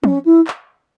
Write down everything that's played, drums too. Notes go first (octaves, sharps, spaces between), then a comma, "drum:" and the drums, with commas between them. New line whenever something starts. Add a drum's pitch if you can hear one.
C#4, drum: tom
E4
drum: clap